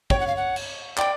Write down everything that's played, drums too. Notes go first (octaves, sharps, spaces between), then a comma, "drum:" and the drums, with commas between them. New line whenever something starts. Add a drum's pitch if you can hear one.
C#5 G5, drum: kick
F#5
F5
F#5
drum: cymbal
D5 G5, drum: clap